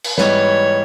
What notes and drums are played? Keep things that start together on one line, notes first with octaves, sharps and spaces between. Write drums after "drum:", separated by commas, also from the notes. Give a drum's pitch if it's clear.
drum: cymbal
G#2 E3 G3 B3 C#5, drum: snare